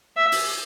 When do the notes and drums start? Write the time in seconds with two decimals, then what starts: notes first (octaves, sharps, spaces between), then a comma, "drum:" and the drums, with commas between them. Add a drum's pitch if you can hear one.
0.17 E5
0.32 drum: open hi-hat